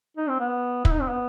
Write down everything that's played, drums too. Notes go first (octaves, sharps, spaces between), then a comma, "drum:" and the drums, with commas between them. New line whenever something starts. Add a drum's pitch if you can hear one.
D#4
C4
B3
E4, drum: kick
D#4
C4
B3